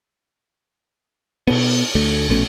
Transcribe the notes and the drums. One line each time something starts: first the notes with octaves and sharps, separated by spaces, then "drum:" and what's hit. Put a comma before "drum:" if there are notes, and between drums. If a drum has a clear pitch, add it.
B2 B3, drum: cymbal
D2 A3
A#1 B2 A3 C#4